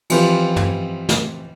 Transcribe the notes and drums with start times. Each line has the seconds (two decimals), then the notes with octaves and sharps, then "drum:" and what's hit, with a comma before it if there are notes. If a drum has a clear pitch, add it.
0.10 E3 F3 C4 F4 G4 B4, drum: cymbal
0.56 drum: tom
1.09 drum: snare